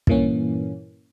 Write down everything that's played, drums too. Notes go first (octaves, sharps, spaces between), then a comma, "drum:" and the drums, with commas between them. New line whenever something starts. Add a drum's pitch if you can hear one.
G2 A#2 E3 A#3 C#4, drum: kick